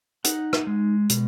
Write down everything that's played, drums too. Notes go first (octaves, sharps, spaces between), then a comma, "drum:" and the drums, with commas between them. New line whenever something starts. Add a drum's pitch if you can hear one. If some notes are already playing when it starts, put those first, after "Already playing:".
D#4 F#5, drum: hi-hat
drum: rim click
G#3
B2, drum: hi-hat